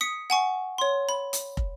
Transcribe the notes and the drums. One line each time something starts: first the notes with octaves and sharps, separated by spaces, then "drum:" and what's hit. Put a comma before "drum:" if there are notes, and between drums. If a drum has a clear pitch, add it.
D#6 B6 C#7
F#5 G#5 C#6
C#5 C6
B5
drum: hi-hat
drum: kick